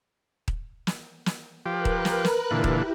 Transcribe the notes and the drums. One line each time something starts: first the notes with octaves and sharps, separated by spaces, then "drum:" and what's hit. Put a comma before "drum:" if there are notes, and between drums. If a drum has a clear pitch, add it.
drum: kick D#1
drum: snare
drum: snare
F3 G4 A#4 B4 F#6
drum: kick D#1
drum: snare
drum: snare
A#2 D3 E3 E4 G4
drum: kick D#1